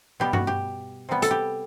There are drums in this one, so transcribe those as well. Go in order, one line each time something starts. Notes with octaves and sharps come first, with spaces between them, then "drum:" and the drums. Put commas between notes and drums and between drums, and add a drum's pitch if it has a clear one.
B2 G3 B3 G4
F#4, drum: tom G2
G4
C3 G3 B3
A4, drum: hi-hat
G4